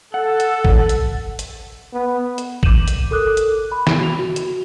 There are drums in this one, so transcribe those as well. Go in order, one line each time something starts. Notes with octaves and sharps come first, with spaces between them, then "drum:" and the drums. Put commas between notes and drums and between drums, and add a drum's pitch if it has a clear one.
A4 F#5
drum: hi-hat
drum: kick
drum: hi-hat
drum: hi-hat
B3
drum: hi-hat
D6 G6 D#7 E7 F#7, drum: kick
drum: hi-hat
A4 A#4 D6 D#6 F#6
drum: hi-hat
B5
drum: snare
F#4 F7
F#4
drum: hi-hat